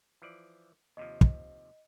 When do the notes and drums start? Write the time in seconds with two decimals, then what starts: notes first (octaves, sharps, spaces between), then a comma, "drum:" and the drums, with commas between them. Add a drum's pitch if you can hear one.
0.22 E3 F3 D5
0.97 D#2 C3 F3 D#5
1.21 drum: kick